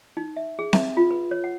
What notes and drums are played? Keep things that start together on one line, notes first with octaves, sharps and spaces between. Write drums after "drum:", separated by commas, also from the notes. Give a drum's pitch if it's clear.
D#4
E5
G#4
E5, drum: snare C4
F4
B4
C#5
F#5